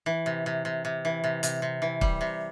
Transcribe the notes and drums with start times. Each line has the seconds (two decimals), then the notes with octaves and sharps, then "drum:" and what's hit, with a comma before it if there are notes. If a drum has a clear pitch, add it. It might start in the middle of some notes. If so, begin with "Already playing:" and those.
0.06 E3
0.26 C3
0.46 C3
0.65 C3
0.85 C3
1.05 E3
1.24 C3
1.43 C3, drum: hi-hat
1.62 C3
1.82 E3
2.01 G3, drum: kick
2.21 C3